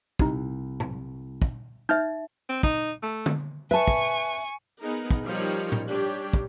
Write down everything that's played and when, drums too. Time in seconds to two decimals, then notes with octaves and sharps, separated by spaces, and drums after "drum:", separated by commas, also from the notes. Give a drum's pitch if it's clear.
0.19 C2 D#4 G4, drum: kick
0.80 drum: tom A2
1.42 drum: kick
1.89 D#4 E5 F6 G6
2.49 C4
2.63 D#4, drum: kick
3.03 A3
3.26 drum: tom D3
3.71 B4 E5 G#5 A5 C#6
3.88 drum: kick
4.80 B3 D#4 G#4 A#4
5.11 drum: kick
5.25 F3 G3 D#4 G4 A#4 C#5
5.72 drum: tom A2
5.87 G3 D4 G4 C#5
6.33 drum: kick